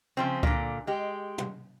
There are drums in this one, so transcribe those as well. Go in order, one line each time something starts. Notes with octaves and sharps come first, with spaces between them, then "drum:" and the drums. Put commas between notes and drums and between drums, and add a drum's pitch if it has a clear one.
C#3 F3 C4
A#2 D3, drum: kick C#2
G#3 G4
drum: tom